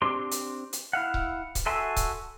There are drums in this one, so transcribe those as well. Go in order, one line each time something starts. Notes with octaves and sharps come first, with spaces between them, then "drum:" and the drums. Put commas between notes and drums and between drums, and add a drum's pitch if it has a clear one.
C4 D4 G4 C6
drum: hi-hat
drum: hi-hat
E4 F5 F#5
drum: kick C#1
drum: kick C#1, hi-hat
F#4 A4 E5 G#5 C6
drum: kick C#1, hi-hat